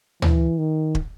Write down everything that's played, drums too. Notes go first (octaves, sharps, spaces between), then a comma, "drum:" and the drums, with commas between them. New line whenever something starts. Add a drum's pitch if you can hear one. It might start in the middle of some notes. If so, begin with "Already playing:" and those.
E3, drum: tom
D#3
drum: kick